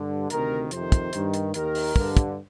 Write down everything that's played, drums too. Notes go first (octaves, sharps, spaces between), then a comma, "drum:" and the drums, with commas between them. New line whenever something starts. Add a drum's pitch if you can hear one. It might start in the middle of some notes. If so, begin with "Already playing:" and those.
Already playing: G2 D3
D2 C3 D#3 A#4, drum: hi-hat
F2 C3 D#3 C5, drum: hi-hat
drum: kick, hi-hat
G2 D#3, drum: hi-hat
drum: hi-hat
D#2 D#3 A#4, drum: hi-hat
drum: open hi-hat
G2 D3, drum: kick
drum: kick, hi-hat